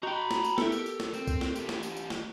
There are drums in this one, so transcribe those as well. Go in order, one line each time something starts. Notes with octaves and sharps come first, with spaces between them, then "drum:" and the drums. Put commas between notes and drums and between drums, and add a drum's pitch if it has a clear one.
F#4 D#5 G5 A#5 B5 G6
drum: snare
drum: tambourine
B3 E4 G4 A4 A#4, drum: snare
drum: tambourine
drum: tambourine
drum: snare
C4, drum: tambourine
drum: kick, tambourine
drum: snare
E3 G4, drum: tambourine
drum: snare
drum: tambourine
drum: tambourine
drum: snare